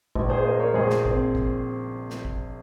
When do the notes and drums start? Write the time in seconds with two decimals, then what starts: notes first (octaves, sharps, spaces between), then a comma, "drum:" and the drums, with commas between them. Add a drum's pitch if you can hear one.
0.15 A#1, drum: kick
0.30 G#4 C5
0.44 A#3 C5 D#5
0.60 A#4 C#5
0.74 A#1 G#4 C5
0.90 drum: snare
1.05 C4, drum: kick
1.35 drum: kick
2.10 drum: snare
2.25 drum: kick